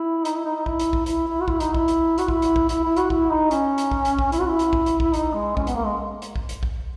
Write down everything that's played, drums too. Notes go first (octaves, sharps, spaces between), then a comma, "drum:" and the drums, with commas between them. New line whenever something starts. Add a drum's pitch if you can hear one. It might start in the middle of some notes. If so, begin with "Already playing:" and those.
Already playing: E4
D#4, drum: hi-hat
E4
D#4
D#4
E4, drum: kick
drum: hi-hat
drum: kick
E4, drum: hi-hat
E4
F#4
E4, drum: kick
D#4, drum: hi-hat
E4, drum: kick
drum: hi-hat
F#4, drum: hi-hat
E4, drum: kick
drum: hi-hat
drum: kick
E4, drum: hi-hat
E4
F#4, drum: hi-hat
E4, drum: kick
D#4
C#4, drum: hi-hat
drum: hi-hat
drum: kick
drum: hi-hat
drum: kick
E4, drum: hi-hat
F#4
E4
drum: hi-hat
drum: kick
drum: hi-hat
drum: kick
D#4, drum: hi-hat
G#3
C#4, drum: kick
B3, drum: hi-hat
A#3
G#3
drum: hi-hat
drum: kick
drum: hi-hat
drum: kick